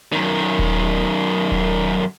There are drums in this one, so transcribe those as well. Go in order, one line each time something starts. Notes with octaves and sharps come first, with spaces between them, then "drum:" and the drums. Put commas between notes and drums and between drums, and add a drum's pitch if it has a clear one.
F#2 D#3
drum: kick D#1
drum: kick D#1